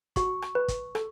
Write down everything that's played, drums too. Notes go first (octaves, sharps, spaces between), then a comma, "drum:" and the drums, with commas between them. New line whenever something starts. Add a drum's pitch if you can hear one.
F#4 C#6, drum: kick, hi-hat
drum: rim click
B4
drum: kick, hi-hat
A4, drum: rim click